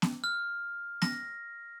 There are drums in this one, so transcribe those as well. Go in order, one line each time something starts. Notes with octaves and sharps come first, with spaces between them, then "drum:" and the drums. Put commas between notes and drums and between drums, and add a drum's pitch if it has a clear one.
drum: snare B3
F6
A#6, drum: snare B3